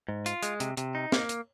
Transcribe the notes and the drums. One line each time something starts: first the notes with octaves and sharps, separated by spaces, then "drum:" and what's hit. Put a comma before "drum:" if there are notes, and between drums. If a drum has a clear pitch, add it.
G#2
F4, drum: hi-hat
G#3, drum: hi-hat
C3, drum: hi-hat
C3, drum: hi-hat
D#4
A#3, drum: snare
drum: hi-hat